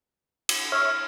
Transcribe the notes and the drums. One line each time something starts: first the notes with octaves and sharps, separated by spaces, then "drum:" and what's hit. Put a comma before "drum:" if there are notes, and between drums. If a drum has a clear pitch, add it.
drum: cymbal
C#5 E5 F6